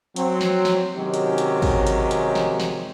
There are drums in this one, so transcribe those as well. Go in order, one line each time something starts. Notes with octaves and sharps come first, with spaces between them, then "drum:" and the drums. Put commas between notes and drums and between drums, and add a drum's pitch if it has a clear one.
F#3 C4, drum: hi-hat
drum: snare
drum: snare
C3 D#3 F#3 G#3 C#4 G4
drum: hi-hat
drum: hi-hat
drum: kick, open hi-hat
drum: hi-hat
drum: hi-hat
drum: snare
drum: snare